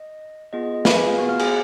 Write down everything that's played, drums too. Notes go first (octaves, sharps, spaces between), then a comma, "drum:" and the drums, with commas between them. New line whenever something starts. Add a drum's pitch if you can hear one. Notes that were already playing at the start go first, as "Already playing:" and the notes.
Already playing: D#5
B3 F4 G#4 D#5
D#5
D#5
B4 B5, drum: snare
G#4 G#5
F4 F5
B3 F#4
F5 F6
G#4 G#5, drum: cymbal